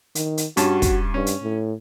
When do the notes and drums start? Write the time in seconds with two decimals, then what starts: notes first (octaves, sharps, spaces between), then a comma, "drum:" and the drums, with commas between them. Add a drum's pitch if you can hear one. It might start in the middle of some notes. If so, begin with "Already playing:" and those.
0.15 D#3, drum: hi-hat
0.37 drum: hi-hat
0.57 G2 C#4 F#4 A5, drum: hi-hat
0.82 drum: kick, hi-hat
1.14 G2 C#4
1.26 drum: hi-hat
1.43 A2